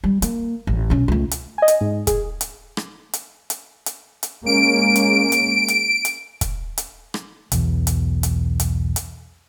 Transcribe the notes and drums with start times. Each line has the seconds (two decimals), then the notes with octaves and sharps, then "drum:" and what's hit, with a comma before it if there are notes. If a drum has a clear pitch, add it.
0.04 G3
0.22 A#3, drum: hi-hat
0.67 A1
0.90 B1 C#4
1.08 C#2 A3
1.31 drum: hi-hat
1.58 D#5 G#5
1.68 drum: hi-hat
1.81 G#2
2.07 G#4, drum: kick, hi-hat
2.41 drum: hi-hat
2.77 drum: rim click
3.13 drum: hi-hat
3.50 drum: hi-hat
3.86 drum: hi-hat
4.23 drum: hi-hat
4.46 G#3 A#3 C#4 D7
4.96 drum: hi-hat
5.32 drum: hi-hat
5.68 drum: hi-hat
6.05 drum: hi-hat
6.41 drum: kick, hi-hat
6.78 drum: hi-hat
7.14 drum: rim click
7.52 B1 E2, drum: hi-hat
7.87 drum: hi-hat
8.23 drum: hi-hat
8.60 drum: hi-hat
8.96 drum: hi-hat